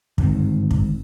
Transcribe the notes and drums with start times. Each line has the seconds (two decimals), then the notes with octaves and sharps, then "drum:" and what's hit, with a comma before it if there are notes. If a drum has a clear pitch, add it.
0.18 G1 G#2 D#3 C4, drum: kick
0.71 drum: kick